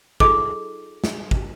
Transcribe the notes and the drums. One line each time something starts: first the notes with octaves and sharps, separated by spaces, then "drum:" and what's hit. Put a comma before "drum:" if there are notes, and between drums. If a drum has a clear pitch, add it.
D#4 F4 G#4 A4 D#5 D6, drum: kick
drum: snare
drum: kick